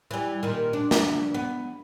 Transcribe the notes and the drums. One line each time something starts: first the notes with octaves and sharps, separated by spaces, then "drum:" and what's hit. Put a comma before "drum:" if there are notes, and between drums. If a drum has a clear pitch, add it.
E3 G3
A#2 D#3
D4
drum: snare
B3